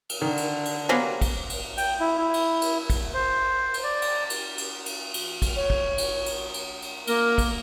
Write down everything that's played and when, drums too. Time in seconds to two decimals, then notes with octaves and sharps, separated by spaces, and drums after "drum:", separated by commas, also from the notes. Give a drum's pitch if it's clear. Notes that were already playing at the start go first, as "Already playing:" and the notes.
0.09 drum: cymbal
0.22 D3 D#3
0.37 drum: cymbal
0.65 drum: cymbal
0.89 C3 F#3 A#3 B3 G#5
1.21 drum: kick, cymbal
1.49 drum: cymbal
1.78 G5, drum: cymbal
2.00 E4
2.18 E4
2.34 drum: cymbal
2.62 drum: cymbal
2.90 drum: kick, cymbal
3.14 C5
3.74 drum: cymbal
3.84 D5
4.02 drum: cymbal
4.30 drum: cymbal
4.58 drum: cymbal
4.86 drum: cymbal
5.14 drum: cymbal
5.42 drum: kick, cymbal
5.56 C#5
5.70 drum: kick
5.98 drum: cymbal
6.26 drum: cymbal
6.54 drum: cymbal
6.82 drum: cymbal
7.07 A#3 A#4, drum: cymbal
7.38 drum: kick, cymbal